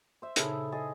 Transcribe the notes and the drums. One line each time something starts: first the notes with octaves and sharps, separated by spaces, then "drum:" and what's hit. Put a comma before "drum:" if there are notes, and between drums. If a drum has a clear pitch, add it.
C5 E5
A#2 C#3 D#4 E4 G#4 A4, drum: hi-hat
G#4 D#5 A6